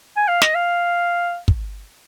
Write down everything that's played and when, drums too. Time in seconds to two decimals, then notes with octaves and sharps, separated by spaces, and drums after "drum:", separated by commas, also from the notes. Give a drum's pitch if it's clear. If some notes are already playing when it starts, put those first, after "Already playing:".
0.16 G#5
0.28 F5
0.42 D#5, drum: snare
0.55 F5
1.48 drum: kick